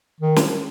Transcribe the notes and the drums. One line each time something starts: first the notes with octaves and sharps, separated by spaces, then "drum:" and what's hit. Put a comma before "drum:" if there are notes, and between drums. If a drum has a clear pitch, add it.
D#3
drum: snare